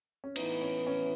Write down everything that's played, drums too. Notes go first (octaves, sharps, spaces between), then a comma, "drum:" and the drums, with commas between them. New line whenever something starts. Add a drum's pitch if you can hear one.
C#4
A2 E3 B3 D#4 E4 B4, drum: cymbal
C#4
C#4